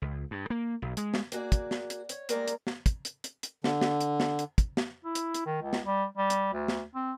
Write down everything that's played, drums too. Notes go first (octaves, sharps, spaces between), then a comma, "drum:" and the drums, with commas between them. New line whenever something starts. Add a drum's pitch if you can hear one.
C#2
G2
A#3
B1
G#3, drum: hi-hat
drum: snare
A#3 F#4 G#4 D5, drum: hi-hat
drum: kick, hi-hat
drum: snare
drum: hi-hat
C#5, drum: hi-hat
G2 G#3 A#3 A#4 D5 A#5, drum: hi-hat
drum: hi-hat
drum: snare
drum: kick, hi-hat
drum: hi-hat
drum: hi-hat
drum: hi-hat
D3, drum: snare
drum: snare
drum: hi-hat
drum: snare
drum: hi-hat
drum: kick, hi-hat
drum: snare
E4
drum: hi-hat
drum: hi-hat
D#3
C#2
drum: snare
G3
G3
drum: hi-hat
D2
drum: snare
C4